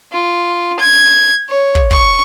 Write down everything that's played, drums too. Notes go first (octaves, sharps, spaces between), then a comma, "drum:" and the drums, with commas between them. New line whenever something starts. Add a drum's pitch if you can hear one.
F4
G#6
C#5
drum: kick
C#6, drum: kick